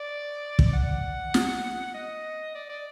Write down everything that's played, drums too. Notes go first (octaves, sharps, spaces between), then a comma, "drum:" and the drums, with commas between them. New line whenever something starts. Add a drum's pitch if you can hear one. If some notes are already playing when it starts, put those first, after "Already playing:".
Already playing: D5
drum: kick
F#5
drum: snare
D#5
D5
D5